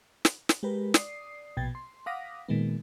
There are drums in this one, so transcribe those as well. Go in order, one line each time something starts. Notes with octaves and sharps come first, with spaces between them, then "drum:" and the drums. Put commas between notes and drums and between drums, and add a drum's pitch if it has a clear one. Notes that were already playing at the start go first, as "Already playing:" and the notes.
drum: snare
drum: snare
G#3 G4 A#4 B4
D5 D#6 C7, drum: snare
A#1 B2 G5 G#6 A6
C6
F5 F#5 D6 D#6 A#6 B6
A#2 D#3 G#3 B3